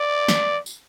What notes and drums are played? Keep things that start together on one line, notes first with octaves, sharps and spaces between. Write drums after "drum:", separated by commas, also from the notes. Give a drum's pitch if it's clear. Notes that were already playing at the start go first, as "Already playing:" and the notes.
Already playing: D5
drum: snare
drum: tambourine